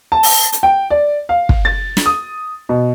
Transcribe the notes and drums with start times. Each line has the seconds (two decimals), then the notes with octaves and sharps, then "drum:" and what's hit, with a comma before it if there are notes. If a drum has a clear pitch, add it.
0.12 A5
0.23 drum: open hi-hat
0.52 drum: hi-hat
0.63 G5
0.90 D5
1.29 F5
1.49 drum: kick
1.65 A6
1.97 drum: snare
2.06 D#6
2.69 B2